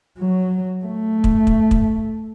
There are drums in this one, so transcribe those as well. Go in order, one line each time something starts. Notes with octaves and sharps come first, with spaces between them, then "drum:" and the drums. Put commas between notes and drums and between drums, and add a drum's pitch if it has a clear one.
F#3
A3
drum: kick
drum: kick
drum: kick